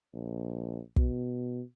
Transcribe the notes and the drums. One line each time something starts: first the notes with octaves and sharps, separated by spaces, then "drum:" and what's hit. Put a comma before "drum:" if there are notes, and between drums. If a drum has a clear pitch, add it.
A#1
B2, drum: kick